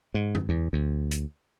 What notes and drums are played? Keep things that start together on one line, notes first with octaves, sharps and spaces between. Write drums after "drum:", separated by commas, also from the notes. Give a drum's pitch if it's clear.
G#2
drum: tom
E2
D2
drum: hi-hat